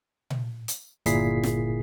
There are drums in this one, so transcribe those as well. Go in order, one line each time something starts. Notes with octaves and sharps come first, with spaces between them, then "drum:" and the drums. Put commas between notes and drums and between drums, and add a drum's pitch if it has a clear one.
drum: tom A#2
drum: hi-hat
G1 A#2 E4 G#4 B6 C7, drum: hi-hat
drum: snare